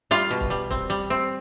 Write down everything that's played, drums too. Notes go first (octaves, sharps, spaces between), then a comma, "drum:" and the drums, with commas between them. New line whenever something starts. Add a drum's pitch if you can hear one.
G3 F4, drum: hi-hat
B2
drum: kick, hi-hat
G3
C4, drum: kick, hi-hat
G3
drum: hi-hat
C4